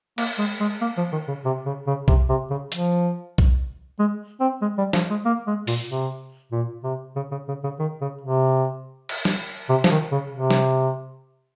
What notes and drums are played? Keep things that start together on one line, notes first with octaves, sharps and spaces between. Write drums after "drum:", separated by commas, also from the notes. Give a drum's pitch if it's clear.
A#3, drum: cymbal
G#3
G#3
A#3
F3
D#3
C#3
C3
C#3
C#3
C3, drum: kick B1
C3
C#3
F3, drum: hi-hat
drum: kick B1
G#3
C4
G#3
G3
F3, drum: snare
G#3
A#3
G#3
A#2, drum: open hi-hat
C3
A#2
C3
C#3
C#3
C#3
C#3
D#3
C#3
C3
drum: cymbal
drum: snare
C3
F3, drum: snare
D#3
C#3
C3
drum: snare